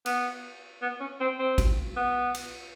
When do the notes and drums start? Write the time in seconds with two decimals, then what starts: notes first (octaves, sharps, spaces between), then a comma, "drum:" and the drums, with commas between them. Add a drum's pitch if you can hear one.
0.06 B3, drum: cymbal
0.82 B3
1.00 C#4
1.20 C4
1.39 C4
1.58 drum: kick, cymbal
1.97 B3
2.34 drum: cymbal